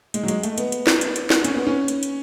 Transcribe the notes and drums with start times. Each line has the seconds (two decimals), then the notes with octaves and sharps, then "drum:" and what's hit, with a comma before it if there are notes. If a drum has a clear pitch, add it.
0.14 G#3, drum: hi-hat
0.23 F#3
0.28 G#3, drum: hi-hat
0.43 A3, drum: hi-hat
0.58 B3, drum: hi-hat
0.72 drum: hi-hat
0.87 drum: snare
1.01 drum: hi-hat
1.16 drum: hi-hat
1.30 drum: snare
1.44 C#4, drum: hi-hat
1.56 B3
1.67 C#4
1.88 drum: hi-hat
2.03 drum: hi-hat